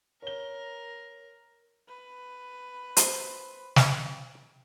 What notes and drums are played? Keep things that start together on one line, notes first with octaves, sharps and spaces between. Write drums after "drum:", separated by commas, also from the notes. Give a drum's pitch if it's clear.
A#4 C#5 G7
B4
C5, drum: hi-hat
drum: snare